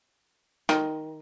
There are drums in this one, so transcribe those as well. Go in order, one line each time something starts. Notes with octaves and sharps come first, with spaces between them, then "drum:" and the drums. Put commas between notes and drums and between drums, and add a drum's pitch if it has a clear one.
D#3, drum: rim click